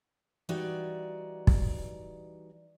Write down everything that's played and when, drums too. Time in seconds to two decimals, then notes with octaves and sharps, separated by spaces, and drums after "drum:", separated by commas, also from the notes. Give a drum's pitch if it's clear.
0.49 E3 G3 D#4 F#4 D5
1.47 drum: kick